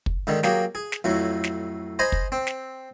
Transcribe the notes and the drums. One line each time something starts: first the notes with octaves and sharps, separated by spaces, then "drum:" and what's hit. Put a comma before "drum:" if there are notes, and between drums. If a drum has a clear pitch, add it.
drum: kick
G#2 D3 D#3
F#3 A#3 G4 G#4, drum: snare
G#4
drum: snare
F2 A2 F#3
drum: snare
C5 D#5 G#5 A#5 B5
drum: kick
C4
drum: snare